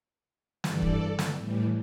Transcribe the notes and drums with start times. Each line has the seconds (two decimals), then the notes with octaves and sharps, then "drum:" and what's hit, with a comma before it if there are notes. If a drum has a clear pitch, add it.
0.64 G2 E3 G3 A4 D5, drum: snare
0.82 drum: kick
1.19 drum: snare
1.37 A2 E3 G3